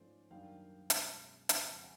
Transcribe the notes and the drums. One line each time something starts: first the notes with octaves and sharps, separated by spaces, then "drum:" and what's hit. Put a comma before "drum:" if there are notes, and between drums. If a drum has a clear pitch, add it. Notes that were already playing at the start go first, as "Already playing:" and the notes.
Already playing: G#2 F3 A3 C#4 C5 D5
F#2 D#3 G3 A#3 D4 F5 G5
B2 G#3 C#4, drum: hi-hat
F2 C#3 F3 G#3 C4 F5 G5, drum: hi-hat
A5
F#5 G#5